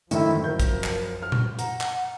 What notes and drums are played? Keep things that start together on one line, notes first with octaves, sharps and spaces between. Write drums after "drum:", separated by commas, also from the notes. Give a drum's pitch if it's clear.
F#2 A2 D3 D#3 F3 E4, drum: hi-hat
A#4 G6
drum: kick, hi-hat
drum: clap
F6
drum: tom A#2
F#5 A#5, drum: hi-hat
drum: clap